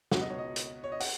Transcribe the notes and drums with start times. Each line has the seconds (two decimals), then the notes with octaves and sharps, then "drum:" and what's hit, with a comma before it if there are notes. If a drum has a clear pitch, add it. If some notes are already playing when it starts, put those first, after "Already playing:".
0.12 C#2 B2 F#5, drum: snare
0.21 D#5
0.30 C#5
0.38 D#5
0.56 drum: hi-hat
0.84 C#5
0.92 D#5
1.00 F#5, drum: open hi-hat